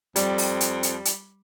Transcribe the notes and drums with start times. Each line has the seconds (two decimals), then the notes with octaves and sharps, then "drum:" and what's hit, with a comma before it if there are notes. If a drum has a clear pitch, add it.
0.16 F2 G3, drum: hi-hat
0.38 drum: open hi-hat
0.61 drum: hi-hat
0.83 drum: hi-hat
1.05 drum: hi-hat